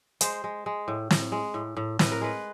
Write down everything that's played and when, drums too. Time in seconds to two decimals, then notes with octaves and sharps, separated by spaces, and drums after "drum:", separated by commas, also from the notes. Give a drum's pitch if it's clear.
0.21 G#3 C5, drum: hi-hat
0.44 G#3
0.66 G#3
0.88 A2
1.11 A2, drum: snare
1.32 G#3
1.54 A2
1.77 A2
1.99 A2 B4, drum: snare
2.12 A#4
2.21 G#3 B4